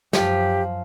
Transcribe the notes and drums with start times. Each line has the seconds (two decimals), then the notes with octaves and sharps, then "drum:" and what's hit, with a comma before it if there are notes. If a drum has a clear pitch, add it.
0.13 F#2 F3 G4, drum: snare